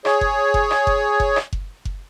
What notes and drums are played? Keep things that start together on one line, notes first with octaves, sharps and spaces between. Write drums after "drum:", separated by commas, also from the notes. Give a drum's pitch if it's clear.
G#4 C#5, drum: rim click
drum: kick F#1
drum: kick F#1
drum: rim click
drum: kick F#1
drum: kick F#1
drum: rim click
drum: kick F#1
drum: kick F#1